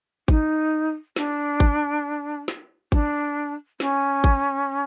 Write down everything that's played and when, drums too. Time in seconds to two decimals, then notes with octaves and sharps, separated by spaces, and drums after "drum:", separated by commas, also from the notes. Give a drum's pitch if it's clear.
0.28 D#4, drum: kick G#1
1.16 D4, drum: snare
1.60 drum: kick G#1
2.48 drum: snare
2.92 D4, drum: kick G#1
3.80 C#4, drum: snare
4.24 drum: kick G#1